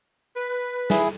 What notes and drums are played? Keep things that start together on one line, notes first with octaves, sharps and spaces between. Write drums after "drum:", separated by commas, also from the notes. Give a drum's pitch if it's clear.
B4
E4 G#4, drum: snare